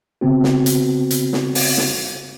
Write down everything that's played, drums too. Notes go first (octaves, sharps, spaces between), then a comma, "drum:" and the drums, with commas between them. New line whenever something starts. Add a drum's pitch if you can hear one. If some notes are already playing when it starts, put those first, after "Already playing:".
C#3 B3 C4 F#4
drum: snare
drum: hi-hat
drum: hi-hat
drum: snare
drum: open hi-hat
drum: snare